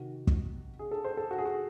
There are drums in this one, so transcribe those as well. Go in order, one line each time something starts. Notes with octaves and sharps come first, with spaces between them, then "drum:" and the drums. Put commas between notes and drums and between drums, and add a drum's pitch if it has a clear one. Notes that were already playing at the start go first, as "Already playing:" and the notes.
Already playing: C3 D#3 F#4
drum: kick
G#4
A4
C5
A4
F#4
G#4
F#4